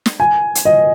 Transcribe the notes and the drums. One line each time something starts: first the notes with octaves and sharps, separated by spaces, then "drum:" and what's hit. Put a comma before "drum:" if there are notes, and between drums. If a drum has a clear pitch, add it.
drum: snare
G#5
drum: hi-hat
D#5